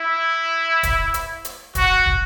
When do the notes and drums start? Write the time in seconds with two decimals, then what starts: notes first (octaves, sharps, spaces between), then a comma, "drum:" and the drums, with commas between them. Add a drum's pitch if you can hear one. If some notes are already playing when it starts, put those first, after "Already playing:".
Already playing: E4
0.83 drum: kick, hi-hat
1.14 drum: hi-hat
1.45 drum: hi-hat
1.75 F#4, drum: kick, hi-hat
2.06 drum: kick